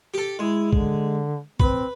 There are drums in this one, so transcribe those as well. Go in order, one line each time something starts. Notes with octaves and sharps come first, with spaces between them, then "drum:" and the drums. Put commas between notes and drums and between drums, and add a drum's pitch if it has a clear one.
G4 A4
G#3 E4
D3, drum: kick
C4 B4, drum: kick